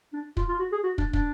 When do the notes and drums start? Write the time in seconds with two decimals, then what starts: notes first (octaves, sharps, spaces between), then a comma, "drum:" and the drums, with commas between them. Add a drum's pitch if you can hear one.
0.13 D4
0.37 F4, drum: kick
0.49 F4
0.59 F#4
0.72 G#4
0.84 F#4
0.98 D4, drum: kick
1.13 D4, drum: kick